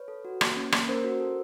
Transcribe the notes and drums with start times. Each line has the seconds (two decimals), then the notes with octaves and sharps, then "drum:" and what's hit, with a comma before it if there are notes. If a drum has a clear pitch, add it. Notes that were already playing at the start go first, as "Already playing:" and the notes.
Already playing: B4 C#5
0.08 A4
0.25 F#4
0.41 A#3, drum: rim click
0.56 C#4
0.72 A#3, drum: rim click
0.89 C#4 A#4 C5
1.04 F#4
1.20 A4